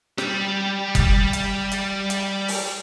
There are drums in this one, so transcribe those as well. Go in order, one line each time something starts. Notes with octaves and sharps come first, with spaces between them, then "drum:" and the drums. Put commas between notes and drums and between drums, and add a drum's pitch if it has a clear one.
G3 G4, drum: rim click
drum: kick F#1, hi-hat
drum: hi-hat
drum: hi-hat
drum: hi-hat
drum: open hi-hat